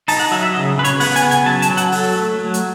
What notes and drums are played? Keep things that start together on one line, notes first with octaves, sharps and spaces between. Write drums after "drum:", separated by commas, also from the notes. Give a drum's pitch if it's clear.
D#4 A5, drum: open hi-hat
F#5
F#3 E5
E5
C#3 D#5
C#3 B4
C#5, drum: hi-hat
B3 F#5, drum: open hi-hat
G#5, drum: hi-hat
C#3
G#5, drum: hi-hat
F#3 A5
A5, drum: hi-hat
F#3
F#5, drum: hi-hat
F#3 A4, drum: open hi-hat
A3
F#3
drum: hi-hat